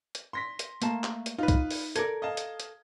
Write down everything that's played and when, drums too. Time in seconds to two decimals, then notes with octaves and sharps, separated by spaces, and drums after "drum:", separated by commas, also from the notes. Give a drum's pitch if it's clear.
0.15 drum: hi-hat
0.33 C6 A#6 B6
0.59 drum: hi-hat
0.82 A3 A#3 A5, drum: hi-hat
1.04 drum: clap
1.26 drum: hi-hat
1.38 D#4 F4 B4
1.48 drum: kick C2, hi-hat
1.71 drum: open hi-hat
1.96 A4 A#4 D5 G#6, drum: hi-hat
2.22 D#5 F5 A5
2.37 drum: hi-hat
2.60 drum: hi-hat